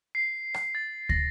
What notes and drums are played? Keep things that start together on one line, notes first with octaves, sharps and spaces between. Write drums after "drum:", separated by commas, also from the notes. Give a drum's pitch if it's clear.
C7
drum: rim click
A6
A#6, drum: kick